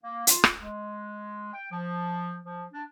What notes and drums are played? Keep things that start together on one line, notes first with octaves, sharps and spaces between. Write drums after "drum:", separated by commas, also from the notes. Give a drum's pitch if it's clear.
A#3
F4, drum: hi-hat
drum: rim click
G#3
G5
F3
F3
D4